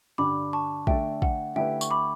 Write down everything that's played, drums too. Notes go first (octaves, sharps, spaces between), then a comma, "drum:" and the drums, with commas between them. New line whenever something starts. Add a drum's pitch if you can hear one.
G2 D3 G3 D4 B5 D6
A5 C#6
D3 A3 D4 A4 E5 G5, drum: kick
F#5, drum: kick
D3 A3 E4 G4 B4 E5 G5
C#6, drum: tambourine
B5 D6